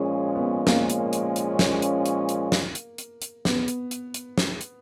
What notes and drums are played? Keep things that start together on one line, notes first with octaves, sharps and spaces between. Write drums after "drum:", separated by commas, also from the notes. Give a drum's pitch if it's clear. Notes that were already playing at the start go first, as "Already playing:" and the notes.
Already playing: A#2 F3 G#3 C#4 G#4
B3
A#3, drum: snare
drum: hi-hat
drum: hi-hat
drum: hi-hat
drum: snare
drum: hi-hat
drum: hi-hat
drum: hi-hat
drum: snare
drum: hi-hat
drum: hi-hat
drum: hi-hat
B3, drum: snare
drum: hi-hat
drum: hi-hat
drum: hi-hat
drum: snare
drum: hi-hat